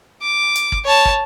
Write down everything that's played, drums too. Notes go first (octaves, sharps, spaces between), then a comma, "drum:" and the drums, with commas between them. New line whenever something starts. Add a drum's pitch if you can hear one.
D6
drum: hi-hat
drum: kick
C#5 A5
drum: kick